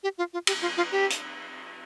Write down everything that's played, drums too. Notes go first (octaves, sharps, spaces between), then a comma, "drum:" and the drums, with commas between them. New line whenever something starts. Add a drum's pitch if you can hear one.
G4
F4
F4
G4, drum: cymbal
F4
F4
G4
drum: hi-hat